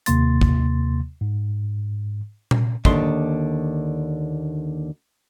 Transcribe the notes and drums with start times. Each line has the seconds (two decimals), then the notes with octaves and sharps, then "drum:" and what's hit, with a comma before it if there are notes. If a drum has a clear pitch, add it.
0.06 D#2 C3 A#3 C6 A6, drum: hi-hat
0.41 drum: kick
1.21 G#2
2.51 drum: tom A#2
2.85 D#2 D3 C6, drum: kick